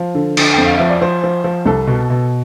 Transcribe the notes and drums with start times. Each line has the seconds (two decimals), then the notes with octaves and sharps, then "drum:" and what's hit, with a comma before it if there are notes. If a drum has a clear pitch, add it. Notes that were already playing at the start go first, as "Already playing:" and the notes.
Already playing: F3 F5
0.15 D3
0.37 D3, drum: cymbal
0.54 F2 G5
0.66 F5
0.78 F3 E5
0.89 D5
1.01 F3 C5
1.24 F3
1.44 F3
1.66 C2 A4
1.87 B2
2.10 B2